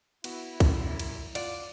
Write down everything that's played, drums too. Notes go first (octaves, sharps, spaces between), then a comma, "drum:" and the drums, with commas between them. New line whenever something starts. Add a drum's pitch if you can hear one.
B3 E4 F#4, drum: cymbal
F#2, drum: kick, cymbal
drum: cymbal
F4 D5 F#5, drum: cymbal